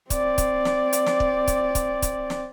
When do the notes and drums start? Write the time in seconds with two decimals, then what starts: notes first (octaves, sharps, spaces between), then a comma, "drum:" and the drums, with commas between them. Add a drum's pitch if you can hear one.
0.10 C4 D5, drum: kick, hi-hat
0.38 drum: kick, hi-hat
0.65 drum: snare
0.93 drum: hi-hat
1.06 drum: snare
1.20 drum: kick
1.48 drum: kick, hi-hat
1.75 drum: kick, hi-hat
2.02 drum: kick, hi-hat
2.30 drum: snare